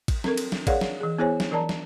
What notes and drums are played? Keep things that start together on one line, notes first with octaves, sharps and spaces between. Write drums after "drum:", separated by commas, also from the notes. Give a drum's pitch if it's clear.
drum: kick A1, cymbal
C4 A4 A#4, drum: snare
drum: cymbal
drum: snare
G#4 A#4 C#5 D5 F5 F#5, drum: kick A1, cymbal
drum: snare
E3 G#4
B3 E4 G#4 C5 C#5 G#5
drum: snare
E3 A#4 D5 A5 A#5
drum: snare